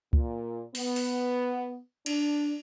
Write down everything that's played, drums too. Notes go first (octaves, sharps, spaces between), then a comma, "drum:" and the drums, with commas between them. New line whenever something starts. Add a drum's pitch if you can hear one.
A#2, drum: kick C#2
B3, drum: open hi-hat
drum: open hi-hat
D4, drum: cymbal